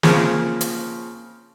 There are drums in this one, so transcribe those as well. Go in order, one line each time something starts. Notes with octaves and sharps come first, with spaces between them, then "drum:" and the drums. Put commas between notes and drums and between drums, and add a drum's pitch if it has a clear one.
C#3 F3 A#3 C4, drum: snare
drum: hi-hat